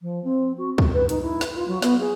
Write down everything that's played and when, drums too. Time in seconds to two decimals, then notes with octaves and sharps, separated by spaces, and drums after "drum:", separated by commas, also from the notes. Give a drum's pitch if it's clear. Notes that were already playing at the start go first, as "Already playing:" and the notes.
0.01 F3
0.24 C4
0.58 F#4
0.78 G3, drum: kick
0.93 B4
1.09 D#4, drum: hi-hat
1.22 E4
1.41 drum: snare
1.55 F4
1.68 F#3
1.82 B3, drum: snare
2.00 G#4